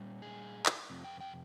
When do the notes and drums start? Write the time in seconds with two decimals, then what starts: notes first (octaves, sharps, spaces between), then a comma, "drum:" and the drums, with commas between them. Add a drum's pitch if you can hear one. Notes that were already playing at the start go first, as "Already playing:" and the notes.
Already playing: A#2 G3 C#4
0.22 G#4
0.66 drum: clap
0.90 F2 C3
1.04 G5
1.20 G5